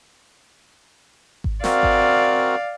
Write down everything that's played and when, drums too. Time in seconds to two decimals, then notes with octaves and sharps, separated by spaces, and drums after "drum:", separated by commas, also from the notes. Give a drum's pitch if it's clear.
1.44 drum: kick G#1
1.64 C4 F#4 A#4 D5 F5, drum: snare
1.83 drum: kick G#1